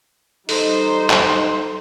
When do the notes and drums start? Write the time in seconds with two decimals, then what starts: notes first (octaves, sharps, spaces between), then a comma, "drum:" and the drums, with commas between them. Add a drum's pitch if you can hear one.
0.49 G3 D#4 A4 C5, drum: open hi-hat
1.10 drum: clap